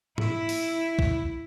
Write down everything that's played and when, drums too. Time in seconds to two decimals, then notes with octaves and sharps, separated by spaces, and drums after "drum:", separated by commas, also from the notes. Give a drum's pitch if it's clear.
0.18 E4, drum: tom G#2
0.49 drum: open hi-hat
0.99 drum: kick